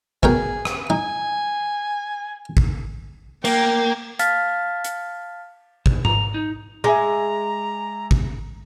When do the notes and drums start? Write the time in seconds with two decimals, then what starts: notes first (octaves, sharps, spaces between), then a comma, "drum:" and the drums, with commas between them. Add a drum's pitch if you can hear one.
0.23 B2 G#4 A#4 G5, drum: kick
0.65 drum: rim click
0.90 D#4 G#5
2.57 drum: kick
3.45 A#3 G5, drum: cymbal
4.19 F5 A5 F6 A6 B6, drum: hi-hat
4.84 drum: hi-hat
5.86 B2, drum: kick
6.05 A#5, drum: tom G#2
6.34 D#4
6.84 G#3 E5 G#5 A#5 D6
8.11 drum: kick